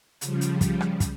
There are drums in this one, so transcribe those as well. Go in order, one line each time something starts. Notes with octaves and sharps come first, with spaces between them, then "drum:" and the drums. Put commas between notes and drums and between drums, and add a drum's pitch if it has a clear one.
C#3 F3 G3, drum: hi-hat
drum: hi-hat
drum: kick, hi-hat
drum: rim click
drum: kick, hi-hat